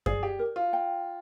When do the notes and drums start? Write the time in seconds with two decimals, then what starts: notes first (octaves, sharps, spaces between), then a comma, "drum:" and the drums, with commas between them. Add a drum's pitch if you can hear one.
0.06 G#4 D5, drum: kick F#2
0.23 G4
0.39 A#4
0.56 F4
0.73 G5